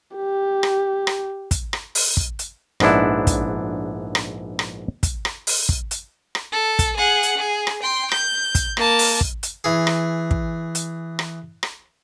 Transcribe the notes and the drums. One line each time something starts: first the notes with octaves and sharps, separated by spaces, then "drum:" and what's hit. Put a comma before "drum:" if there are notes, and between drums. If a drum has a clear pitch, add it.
G4
drum: rim click
drum: rim click
drum: kick, hi-hat
drum: rim click
drum: open hi-hat
drum: kick
drum: hi-hat
A#1 G#2 B3 D4 E4, drum: rim click
drum: kick, hi-hat
drum: rim click
drum: rim click
drum: kick, hi-hat
drum: rim click
drum: open hi-hat
drum: kick
drum: hi-hat
drum: rim click
A4
drum: kick, hi-hat
G#4 F#5
drum: hi-hat
G#4
drum: rim click
G5 C6
G6, drum: rim click
drum: kick, hi-hat
A#3 A5, drum: rim click
drum: open hi-hat
drum: kick
drum: hi-hat
E3 G#4
drum: rim click
drum: kick
drum: hi-hat
drum: rim click
drum: rim click